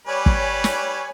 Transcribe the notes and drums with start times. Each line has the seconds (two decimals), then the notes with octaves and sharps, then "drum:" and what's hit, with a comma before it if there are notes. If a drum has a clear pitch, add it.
0.07 G3 B4 C#5 D5 G#5
0.26 drum: kick
0.64 drum: snare